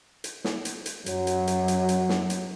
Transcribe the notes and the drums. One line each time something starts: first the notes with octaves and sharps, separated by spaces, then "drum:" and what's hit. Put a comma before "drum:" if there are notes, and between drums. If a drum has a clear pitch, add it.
drum: hi-hat
drum: snare
drum: hi-hat
drum: hi-hat
F#2 F#3, drum: hi-hat
drum: hi-hat
drum: hi-hat
drum: hi-hat
drum: hi-hat
drum: snare
drum: hi-hat